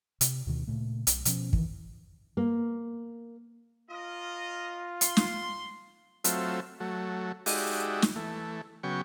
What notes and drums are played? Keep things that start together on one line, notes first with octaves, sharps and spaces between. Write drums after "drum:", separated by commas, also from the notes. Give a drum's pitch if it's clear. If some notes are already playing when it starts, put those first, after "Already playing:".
C3, drum: hi-hat
D2 B2 D#3
A#2 C#3 A3
B1, drum: hi-hat
B2 F3 C#4, drum: hi-hat
D#3 E3, drum: kick
A#3
F4 A#4 D#5
C6, drum: hi-hat
drum: snare
F#3 A3 C4 F4 E5, drum: hi-hat
F#3 A3
G#3 D#4 F#4 G4 D5 E5, drum: open hi-hat
drum: snare
E3 A3
C#3 F#3 B3 G5 C#6